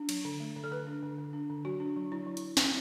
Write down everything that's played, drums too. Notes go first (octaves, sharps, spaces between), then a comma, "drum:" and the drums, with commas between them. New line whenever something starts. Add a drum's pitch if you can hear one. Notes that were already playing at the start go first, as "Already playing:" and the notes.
Already playing: D4
F#3, drum: cymbal
D3
A3
D3
A4
D3 B4
D4
D3
D3
D4
D3
F#3 F#4
D4
F#3
F#3 E4
F#3
drum: hi-hat
drum: snare